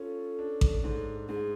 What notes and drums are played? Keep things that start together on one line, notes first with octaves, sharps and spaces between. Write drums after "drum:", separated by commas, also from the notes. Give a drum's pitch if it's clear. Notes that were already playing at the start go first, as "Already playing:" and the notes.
Already playing: C#4 F4 A4
D4
drum: kick A1
G#2
G#2 G#4